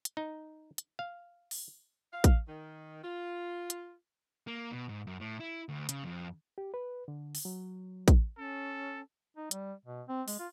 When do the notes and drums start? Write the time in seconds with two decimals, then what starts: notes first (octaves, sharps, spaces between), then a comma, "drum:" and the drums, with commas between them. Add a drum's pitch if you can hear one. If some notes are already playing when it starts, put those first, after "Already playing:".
0.05 drum: hi-hat
0.17 D#4
0.78 drum: hi-hat
0.99 F5
1.51 drum: open hi-hat
2.12 F5
2.24 drum: kick, hi-hat
2.48 D#3
3.03 F4
3.70 drum: hi-hat
4.47 A#3
4.72 B2
4.89 G#2
5.07 F#2
5.20 A2
5.40 E4
5.69 D2
5.89 C#3, drum: hi-hat
6.04 F2
6.58 G4
6.74 B4
7.08 D3
7.35 drum: open hi-hat
7.45 F#3
8.08 drum: kick, hi-hat
8.37 C#4 A4
9.37 D#4
9.51 G3, drum: hi-hat
9.86 B2
10.08 C4
10.28 G#3, drum: open hi-hat
10.39 F4